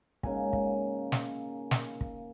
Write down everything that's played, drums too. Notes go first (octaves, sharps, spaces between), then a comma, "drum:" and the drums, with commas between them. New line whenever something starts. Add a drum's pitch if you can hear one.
G#2 C#3 A#3 G#5, drum: kick
drum: kick
drum: snare
drum: snare
drum: kick